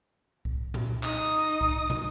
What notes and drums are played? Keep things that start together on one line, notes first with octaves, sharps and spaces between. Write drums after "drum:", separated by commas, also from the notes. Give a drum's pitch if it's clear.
drum: kick C2
drum: tom A#2
D#4 D#6, drum: clap
drum: kick C2
drum: tom